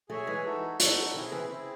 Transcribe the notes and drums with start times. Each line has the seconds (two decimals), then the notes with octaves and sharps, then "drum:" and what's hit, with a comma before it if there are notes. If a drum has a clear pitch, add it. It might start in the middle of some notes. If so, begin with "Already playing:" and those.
0.09 F#3 A3 G#4 C#5 E5 G#5
0.27 E3 G#3
0.45 D#4 F#4 A4
0.80 D#4 F#4 A4, drum: hi-hat
1.14 D#3 F#3 C4 E4 G#4
1.32 C#3 E3
1.50 C4 E4 G#4